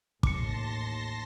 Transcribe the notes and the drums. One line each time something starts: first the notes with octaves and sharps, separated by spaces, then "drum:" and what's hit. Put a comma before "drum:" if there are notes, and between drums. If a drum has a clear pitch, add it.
A1 D#2 A5 C6 D6 A#6 C#7, drum: kick